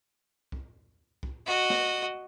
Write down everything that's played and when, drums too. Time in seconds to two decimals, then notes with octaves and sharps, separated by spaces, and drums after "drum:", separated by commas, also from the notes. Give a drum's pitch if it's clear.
0.52 drum: kick C2
1.23 drum: kick C2
1.46 F#4 D#5
1.70 drum: snare